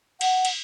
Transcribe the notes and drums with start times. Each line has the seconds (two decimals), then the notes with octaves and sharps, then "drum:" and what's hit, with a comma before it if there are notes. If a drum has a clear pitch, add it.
0.21 F#5, drum: cymbal
0.45 drum: cymbal